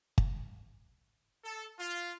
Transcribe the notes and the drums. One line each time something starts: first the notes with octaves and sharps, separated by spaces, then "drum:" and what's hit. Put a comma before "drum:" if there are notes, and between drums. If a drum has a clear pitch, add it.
drum: kick
A4
F4